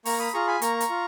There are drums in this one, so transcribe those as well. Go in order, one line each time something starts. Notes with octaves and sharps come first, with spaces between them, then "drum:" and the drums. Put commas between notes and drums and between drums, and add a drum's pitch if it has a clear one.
A#3 A#5 C#6, drum: open hi-hat
B5 D#6
F4 G#4 A#5 C#6
G#5 B5
A#3 A#5 C#6, drum: hi-hat
drum: hi-hat
F4